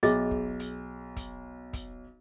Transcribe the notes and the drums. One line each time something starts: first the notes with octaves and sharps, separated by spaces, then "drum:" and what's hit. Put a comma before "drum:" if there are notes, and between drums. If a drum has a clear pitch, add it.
B1 G#4 D#5 E5, drum: hi-hat
drum: kick
drum: hi-hat
drum: kick, hi-hat
drum: kick, hi-hat